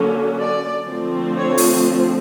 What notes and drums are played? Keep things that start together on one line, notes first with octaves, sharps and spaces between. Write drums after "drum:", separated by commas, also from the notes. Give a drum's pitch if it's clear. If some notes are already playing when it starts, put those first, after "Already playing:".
Already playing: D3 F#3 A#3 C#4
D5
D3 F3 A3 C4
C#5
drum: open hi-hat